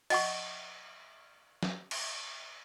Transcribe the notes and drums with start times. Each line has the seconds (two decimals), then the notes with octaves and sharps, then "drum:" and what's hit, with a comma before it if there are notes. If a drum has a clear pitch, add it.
0.10 D#5 F#5 C#6, drum: cymbal
1.63 drum: snare
1.91 drum: cymbal